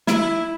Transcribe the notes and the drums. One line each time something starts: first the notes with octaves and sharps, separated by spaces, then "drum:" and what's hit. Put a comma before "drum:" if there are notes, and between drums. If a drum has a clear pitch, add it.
E4, drum: snare